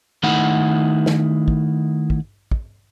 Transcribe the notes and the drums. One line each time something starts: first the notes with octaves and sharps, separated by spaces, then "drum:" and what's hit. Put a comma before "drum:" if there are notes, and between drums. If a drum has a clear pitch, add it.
D#3 A3 D#4 E4 F#5 B5
drum: snare
drum: kick
drum: kick
drum: kick